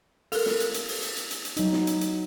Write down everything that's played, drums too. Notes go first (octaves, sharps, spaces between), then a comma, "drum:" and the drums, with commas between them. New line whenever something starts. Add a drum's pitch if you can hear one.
A4 A#4 F5, drum: open hi-hat
drum: snare
drum: hi-hat
drum: hi-hat
drum: open hi-hat
drum: hi-hat
drum: hi-hat
drum: hi-hat
drum: hi-hat
F#3 D#4, drum: hi-hat
drum: snare
drum: hi-hat
drum: hi-hat